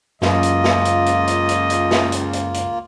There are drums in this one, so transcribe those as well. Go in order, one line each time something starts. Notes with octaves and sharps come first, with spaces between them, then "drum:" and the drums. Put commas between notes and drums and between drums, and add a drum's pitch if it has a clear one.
C#2 F#2 A#3 F4 D#5, drum: snare
drum: hi-hat
drum: snare
drum: hi-hat
drum: hi-hat
drum: hi-hat
drum: hi-hat
drum: hi-hat
drum: snare
drum: hi-hat
drum: hi-hat
drum: hi-hat